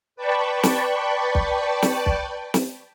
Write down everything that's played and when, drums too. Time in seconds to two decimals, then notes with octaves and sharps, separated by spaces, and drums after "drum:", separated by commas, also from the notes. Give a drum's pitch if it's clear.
0.16 B4 D5 G5 A5 B5 C#6
0.63 drum: snare
1.35 drum: kick
1.82 drum: snare
2.06 drum: kick
2.54 drum: snare